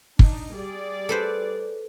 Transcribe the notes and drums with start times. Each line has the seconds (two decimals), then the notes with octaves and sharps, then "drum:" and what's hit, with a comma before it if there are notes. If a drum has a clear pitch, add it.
0.19 D4 D#4, drum: kick
0.54 G3 G#4 D5
1.09 A4 B4 C5